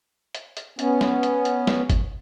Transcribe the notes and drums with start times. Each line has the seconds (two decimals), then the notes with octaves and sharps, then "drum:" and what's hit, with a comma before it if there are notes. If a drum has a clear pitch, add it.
0.35 drum: hi-hat
0.57 drum: hi-hat
0.79 B3 C#4, drum: hi-hat
1.01 drum: snare
1.23 drum: hi-hat
1.45 drum: hi-hat
1.67 drum: snare
1.90 drum: kick, hi-hat